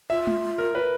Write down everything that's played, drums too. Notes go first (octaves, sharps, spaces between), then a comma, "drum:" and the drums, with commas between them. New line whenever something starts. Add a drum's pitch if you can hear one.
F4 E5
drum: tom G#3
A#4
B4